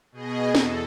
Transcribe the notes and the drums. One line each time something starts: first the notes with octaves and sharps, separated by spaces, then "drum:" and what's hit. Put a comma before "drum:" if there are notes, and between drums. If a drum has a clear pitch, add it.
B2 G#4 D#5
E2 A4, drum: snare